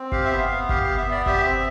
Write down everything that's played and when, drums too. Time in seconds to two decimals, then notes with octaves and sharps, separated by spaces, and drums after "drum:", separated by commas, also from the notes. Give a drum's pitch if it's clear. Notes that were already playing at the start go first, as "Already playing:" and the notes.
Already playing: C4
0.12 G4 F5, drum: kick G1
0.25 E5
0.31 B3
0.38 F5
0.50 B3
0.69 G4 F5, drum: kick G1
0.84 B3 F5
0.97 E5
1.07 B3 D5
1.26 G4 E5, drum: kick G1
1.45 C4